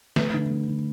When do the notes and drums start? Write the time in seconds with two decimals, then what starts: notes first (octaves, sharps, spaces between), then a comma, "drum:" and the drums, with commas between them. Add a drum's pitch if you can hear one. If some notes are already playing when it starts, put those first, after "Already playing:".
0.16 A3 B4, drum: snare
0.34 D3
0.50 A3
0.68 D3